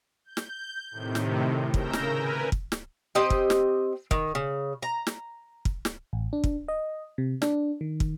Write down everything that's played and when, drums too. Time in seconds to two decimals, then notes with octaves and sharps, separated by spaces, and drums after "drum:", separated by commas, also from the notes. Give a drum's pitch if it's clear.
0.25 G6
0.37 drum: snare
0.91 A2 C3 D#3
1.15 drum: snare
1.74 C#3 A#4 E6 G6 A#6, drum: kick
1.93 drum: snare
2.13 A#4 B4 G#5
2.52 drum: kick
2.72 drum: snare
3.15 C4 G4 D#5 G5
3.30 drum: kick
3.50 drum: snare
4.11 D#3, drum: kick
4.35 C#3
4.82 A#5
5.07 drum: snare
5.65 drum: kick
5.85 drum: snare
6.13 A1
6.33 D4
6.44 drum: kick
6.68 D#5
7.18 C3
7.42 D4, drum: snare
7.81 D#3
8.00 drum: kick